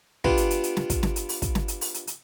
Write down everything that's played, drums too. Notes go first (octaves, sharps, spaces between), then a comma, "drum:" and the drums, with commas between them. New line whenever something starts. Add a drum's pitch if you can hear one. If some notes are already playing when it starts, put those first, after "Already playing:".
B3 D4 F4 G4 B4 G#5, drum: kick
drum: hi-hat
drum: hi-hat
drum: hi-hat
drum: snare
drum: kick, hi-hat
drum: snare
drum: hi-hat
drum: open hi-hat
drum: kick, hi-hat
drum: snare
drum: hi-hat
drum: open hi-hat
drum: hi-hat
drum: hi-hat